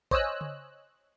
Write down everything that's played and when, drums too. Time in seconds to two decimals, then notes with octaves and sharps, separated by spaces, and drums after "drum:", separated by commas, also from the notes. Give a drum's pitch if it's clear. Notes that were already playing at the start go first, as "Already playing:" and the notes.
0.11 C5 C#5 D#5 G#5 E6 F#6, drum: kick A1
0.41 drum: tom C#3